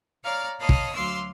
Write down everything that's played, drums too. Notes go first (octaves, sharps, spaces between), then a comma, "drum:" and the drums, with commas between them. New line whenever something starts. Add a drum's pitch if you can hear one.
C#5 D5 F5 A#5 F6
C#5 D#5 F5 A5 B5
drum: kick
D2 F#3 F5 C6 D6 E6